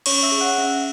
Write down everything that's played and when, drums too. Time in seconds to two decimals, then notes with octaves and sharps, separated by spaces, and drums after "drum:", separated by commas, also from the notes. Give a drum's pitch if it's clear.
0.06 C#4 C#5 C#6, drum: cymbal
0.23 E5 E6
0.32 G#4
0.41 F#5 F#6
0.58 C#4 E5 E6